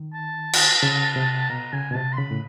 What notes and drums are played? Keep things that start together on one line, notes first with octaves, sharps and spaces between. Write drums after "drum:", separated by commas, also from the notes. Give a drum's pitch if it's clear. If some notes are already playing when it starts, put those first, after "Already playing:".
Already playing: D#3
A5
drum: cymbal
C#3
C3
B2 A#5
C#3 G#5
B2
C3 A5
C6
C#3 B5
A2